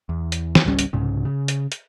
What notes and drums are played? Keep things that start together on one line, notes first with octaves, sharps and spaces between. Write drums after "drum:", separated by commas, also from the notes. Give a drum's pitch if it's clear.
E2
drum: hi-hat
drum: snare
G#1 C#2 G3 C#4
drum: hi-hat
C2 G#2 C#3
C#3
drum: hi-hat
drum: hi-hat